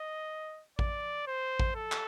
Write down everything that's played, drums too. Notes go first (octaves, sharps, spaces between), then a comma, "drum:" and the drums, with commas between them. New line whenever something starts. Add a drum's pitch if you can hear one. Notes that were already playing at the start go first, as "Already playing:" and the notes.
Already playing: D#5
D5, drum: kick A1
C5
drum: kick A1
A4
drum: clap